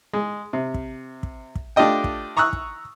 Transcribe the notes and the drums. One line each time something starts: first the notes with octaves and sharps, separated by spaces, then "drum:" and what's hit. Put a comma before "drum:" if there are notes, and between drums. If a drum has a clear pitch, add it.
G#3
C3
drum: kick
drum: kick
drum: kick
A3 D4 F4 G4 D#5 G5
drum: kick
A#5 C#6 D#6 E6 F#6
drum: kick